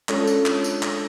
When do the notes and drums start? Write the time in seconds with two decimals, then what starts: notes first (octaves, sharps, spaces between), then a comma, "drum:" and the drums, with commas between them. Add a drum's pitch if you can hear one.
0.09 G#3 C#4 D4 F4 A4 C#5, drum: clap
0.27 drum: tambourine
0.46 drum: clap
0.64 drum: tambourine
0.83 drum: clap